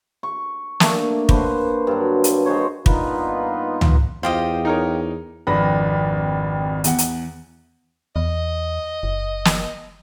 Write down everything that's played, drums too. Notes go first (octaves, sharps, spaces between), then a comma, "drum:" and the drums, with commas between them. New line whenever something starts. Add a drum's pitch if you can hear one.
C#6
A3 A#3 D4, drum: snare
D3 A#3 B4 C5, drum: kick
G2 F#3
drum: hi-hat
G#3 F#4 C5 C#5
G2 A#3 B3 D#4 F4 B4, drum: kick
drum: tom C#2
E2 F4 G4 C5 D#5 F5
D#4 A#4 C#5
G#1 F2 D4 B4 B5 A#6
E2 F#5, drum: hi-hat
drum: hi-hat
E2 D#5
F#1
drum: snare